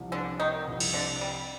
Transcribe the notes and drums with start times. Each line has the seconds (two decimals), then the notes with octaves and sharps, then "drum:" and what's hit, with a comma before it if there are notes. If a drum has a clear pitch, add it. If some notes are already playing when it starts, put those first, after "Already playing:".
Already playing: C2 C3 F3
0.12 D3 D4
0.40 D#3 D#4
0.67 C2 C3 F3
0.80 drum: cymbal
0.93 D3 D4
1.21 G3